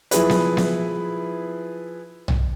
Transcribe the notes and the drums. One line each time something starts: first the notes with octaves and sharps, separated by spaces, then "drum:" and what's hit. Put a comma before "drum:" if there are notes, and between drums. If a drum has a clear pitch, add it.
F3 E4 G#4 B4, drum: hi-hat
drum: snare B3
drum: snare B3
drum: tom